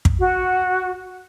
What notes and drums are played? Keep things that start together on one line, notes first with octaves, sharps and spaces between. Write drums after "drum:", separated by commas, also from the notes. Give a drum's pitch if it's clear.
drum: kick
F#4